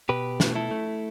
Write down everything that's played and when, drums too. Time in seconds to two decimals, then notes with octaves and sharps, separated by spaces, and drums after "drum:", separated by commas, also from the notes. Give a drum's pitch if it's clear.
0.09 B2 G4 B4
0.40 A3, drum: snare
0.55 E4 A4
0.71 A3